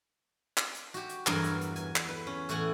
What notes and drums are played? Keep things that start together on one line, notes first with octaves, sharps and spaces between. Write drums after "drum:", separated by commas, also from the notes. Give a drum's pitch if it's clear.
drum: clap
drum: hi-hat
F#4 G4, drum: hi-hat
drum: hi-hat
E2 G2 E3 F#3 A#4 G#5, drum: clap
drum: hi-hat
drum: hi-hat
G#5, drum: hi-hat
drum: clap
B4
C#4
A2 E3 C#5 F#5 G#5, drum: hi-hat